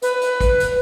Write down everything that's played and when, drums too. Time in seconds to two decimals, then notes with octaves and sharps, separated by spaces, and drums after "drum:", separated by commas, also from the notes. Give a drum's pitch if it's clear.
0.02 B4, drum: hi-hat
0.21 drum: hi-hat
0.41 drum: kick A1, hi-hat
0.60 drum: hi-hat